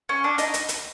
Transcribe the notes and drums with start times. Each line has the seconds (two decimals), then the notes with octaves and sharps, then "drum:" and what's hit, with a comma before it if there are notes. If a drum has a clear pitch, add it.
0.09 C#4
0.24 D4
0.38 D#4, drum: hi-hat
0.54 drum: hi-hat
0.69 drum: hi-hat